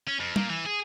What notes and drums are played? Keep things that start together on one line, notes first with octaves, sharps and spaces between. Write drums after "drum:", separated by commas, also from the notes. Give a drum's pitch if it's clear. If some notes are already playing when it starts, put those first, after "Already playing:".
C#4
F2
A#2, drum: tom
E3
G#4